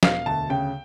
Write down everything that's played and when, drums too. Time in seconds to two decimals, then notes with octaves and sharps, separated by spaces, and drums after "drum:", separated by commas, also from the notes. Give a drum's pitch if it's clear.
0.03 E1 F5, drum: snare
0.26 D2 A5
0.50 C#3 G5